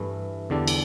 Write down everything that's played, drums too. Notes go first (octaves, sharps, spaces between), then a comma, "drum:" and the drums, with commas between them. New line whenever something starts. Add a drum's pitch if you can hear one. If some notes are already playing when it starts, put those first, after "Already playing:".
Already playing: G2 E3 A3 E4
E2 D3 G3 D4 A4
drum: cymbal